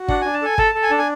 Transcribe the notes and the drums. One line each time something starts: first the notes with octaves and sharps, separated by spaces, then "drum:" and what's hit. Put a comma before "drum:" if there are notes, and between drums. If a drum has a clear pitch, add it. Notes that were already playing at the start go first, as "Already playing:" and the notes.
Already playing: F#4
D4 F#5, drum: kick
D4 G#5
A5
A4 G#5
A4 A5, drum: kick
A4
G#5
D4 A5
G#5